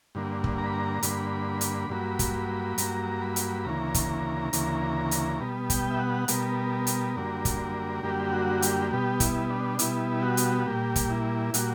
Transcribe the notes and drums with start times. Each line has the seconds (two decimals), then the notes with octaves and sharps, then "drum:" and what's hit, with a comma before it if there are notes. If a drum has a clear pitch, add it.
0.15 G2 D3 A#3
0.44 drum: kick
0.58 A#5
0.66 B5
0.74 A#5
1.03 G2 D3 A#3 B5, drum: hi-hat
1.61 drum: hi-hat
1.90 G2 F#3 A#3
2.19 drum: kick, hi-hat
2.78 G2 F#3 A#3 A#5, drum: hi-hat
3.21 B5
3.36 drum: hi-hat
3.65 D2 C#3 E3 A#3 A#5
3.94 drum: kick, hi-hat
4.53 D2 C#3 E3 A#3, drum: hi-hat
5.11 drum: hi-hat
5.40 B2 G3 B3
5.70 G5, drum: kick, hi-hat
5.90 E5
5.99 F#5
6.28 B2 G3 B3 A#4, drum: hi-hat
6.87 drum: hi-hat
7.16 F#2 D3 G3 A#3
7.45 drum: kick, hi-hat
8.03 F#2 D3 G3 A#3 G4
8.33 F#4
8.62 G4, drum: hi-hat
8.91 B2 G3 B3 G4
9.20 E4, drum: kick, hi-hat
9.50 D4
9.79 B2 G3 B3 E4, drum: hi-hat
10.23 F#4
10.37 drum: hi-hat
10.60 F#4
10.66 A#2 G3 A#3 G4
10.96 drum: kick, hi-hat
11.10 E4
11.54 A#2 G3 A#3 F#4, drum: hi-hat